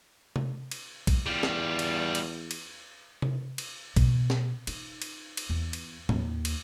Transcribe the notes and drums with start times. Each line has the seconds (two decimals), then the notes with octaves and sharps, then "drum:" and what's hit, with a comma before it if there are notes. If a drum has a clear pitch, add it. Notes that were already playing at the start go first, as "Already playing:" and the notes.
0.36 drum: tom C3
0.71 drum: cymbal
1.07 drum: kick, cymbal
1.26 E2 G3 F4
1.43 drum: snare
1.79 drum: cymbal
2.15 drum: cymbal
2.51 drum: cymbal
3.22 drum: tom C3
3.58 drum: cymbal
3.96 B2, drum: kick, cymbal
4.30 drum: snare
4.67 D#4, drum: cymbal
5.02 drum: cymbal
5.37 drum: cymbal
5.49 E2
5.73 drum: cymbal
6.09 D#2, drum: tom A2
6.45 drum: cymbal